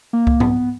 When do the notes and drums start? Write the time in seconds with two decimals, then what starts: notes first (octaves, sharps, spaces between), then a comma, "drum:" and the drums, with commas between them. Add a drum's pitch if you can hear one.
0.13 A#3
0.27 drum: kick C2
0.40 B3, drum: tom G#2